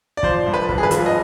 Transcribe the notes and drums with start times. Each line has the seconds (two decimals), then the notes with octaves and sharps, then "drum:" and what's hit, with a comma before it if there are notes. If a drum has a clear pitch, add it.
0.17 D5
0.23 F3 C5, drum: kick
0.46 G2
0.54 B4
0.69 G#1, drum: kick
0.78 G#4
0.83 B4
0.91 F3, drum: hi-hat
1.06 D#5